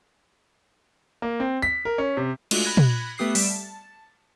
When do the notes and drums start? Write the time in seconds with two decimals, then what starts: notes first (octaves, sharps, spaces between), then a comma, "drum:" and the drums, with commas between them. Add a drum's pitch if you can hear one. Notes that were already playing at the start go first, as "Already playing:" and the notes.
1.22 A#3
1.40 C4
1.62 B6
1.85 A#4
1.98 C#4
2.17 C3
2.51 G#3 A3 D4 F4 F#4, drum: cymbal
2.65 B5 F#6 G#6 A#6
2.77 drum: tom
3.18 A3 B3 G4 D#6 F#6 C7
3.35 G3 E5 B6 D7 E7, drum: open hi-hat
3.50 A5